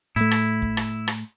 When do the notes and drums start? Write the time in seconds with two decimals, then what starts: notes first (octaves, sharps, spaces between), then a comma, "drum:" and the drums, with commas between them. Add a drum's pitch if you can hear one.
0.16 A2 A3 E4, drum: hi-hat
0.31 drum: rim click
0.62 drum: kick
0.77 drum: rim click
1.08 drum: rim click